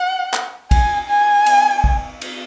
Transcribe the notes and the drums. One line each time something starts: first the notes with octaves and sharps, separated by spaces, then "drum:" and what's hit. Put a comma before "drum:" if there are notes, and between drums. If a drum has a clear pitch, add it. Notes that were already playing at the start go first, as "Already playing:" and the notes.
Already playing: F#5
drum: clap
G#5, drum: kick, cymbal
G#5
drum: cymbal
drum: kick
drum: cymbal